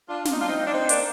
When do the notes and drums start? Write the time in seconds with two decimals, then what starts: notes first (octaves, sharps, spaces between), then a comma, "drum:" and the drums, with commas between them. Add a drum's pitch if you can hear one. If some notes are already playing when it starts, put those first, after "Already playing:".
0.09 D4 F4
0.25 F4, drum: snare
0.32 D#4
0.40 D4 F4
0.49 C4 D#4
0.67 D4
0.72 C4 D#4
0.89 A#3 D4, drum: hi-hat